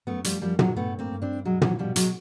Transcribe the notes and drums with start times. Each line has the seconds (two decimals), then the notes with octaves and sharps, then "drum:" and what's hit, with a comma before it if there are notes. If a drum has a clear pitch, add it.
0.07 F#2 A3 B3
0.24 F3 G3, drum: hi-hat
0.41 F#2 F3 G3
0.59 F#3 G#3, drum: tom
0.76 G2 A3 B3
0.99 A#3 C4
1.11 G2
1.22 C4 D4
1.45 B2 F#3 G#3
1.61 E3 F#3, drum: tom
1.79 B2 F3 G3
1.96 F#3 G#3, drum: hi-hat